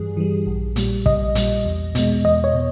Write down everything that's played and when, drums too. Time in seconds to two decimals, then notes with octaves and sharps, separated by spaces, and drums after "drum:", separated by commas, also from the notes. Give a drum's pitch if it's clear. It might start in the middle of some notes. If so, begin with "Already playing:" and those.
Already playing: G2 E3 G3 G#4
0.17 E3 G3
0.46 A#1
0.76 A#2 G3, drum: hi-hat
1.06 A#1 D#5, drum: kick
1.35 A#2 G3, drum: hi-hat
1.65 E2
1.95 B2 G#3, drum: hi-hat
2.24 E2 D#5
2.44 C#5
2.54 B2